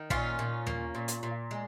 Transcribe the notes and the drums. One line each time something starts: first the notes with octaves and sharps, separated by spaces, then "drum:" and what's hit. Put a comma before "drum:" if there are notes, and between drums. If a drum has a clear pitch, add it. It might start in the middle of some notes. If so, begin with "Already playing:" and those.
Already playing: D#3
A#2 C#4 F4, drum: kick
A#2
A#3, drum: tom D#2
A#2
drum: hi-hat
A#2
G#3